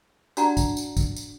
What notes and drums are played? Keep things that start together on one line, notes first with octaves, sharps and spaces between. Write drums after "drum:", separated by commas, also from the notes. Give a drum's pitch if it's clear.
D4 F#4 D5 F#5 A5 A#5, drum: tambourine
drum: kick, tambourine
drum: tambourine
drum: kick, tambourine
drum: tambourine